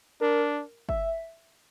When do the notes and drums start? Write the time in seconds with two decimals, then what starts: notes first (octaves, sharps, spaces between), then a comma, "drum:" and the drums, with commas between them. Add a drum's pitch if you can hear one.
0.21 D4 A#4
0.89 E5, drum: kick